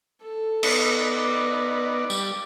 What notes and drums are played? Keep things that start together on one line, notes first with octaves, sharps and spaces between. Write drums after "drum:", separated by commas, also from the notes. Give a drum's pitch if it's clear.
A4
B3 D#4, drum: cymbal
D5
G3, drum: tambourine